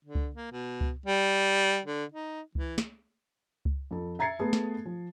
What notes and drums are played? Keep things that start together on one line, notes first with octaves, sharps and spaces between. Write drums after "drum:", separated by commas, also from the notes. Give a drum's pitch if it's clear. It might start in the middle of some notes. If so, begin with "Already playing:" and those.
D3
drum: kick C#2
A#3
B2
drum: kick C#2
G3
D3
D#4
E3, drum: kick C#2
drum: snare
drum: kick C#2
F2 A4
E5 A#5 G#6 A6 C7 C#7
A3 B3 G#4 A4
drum: snare
F3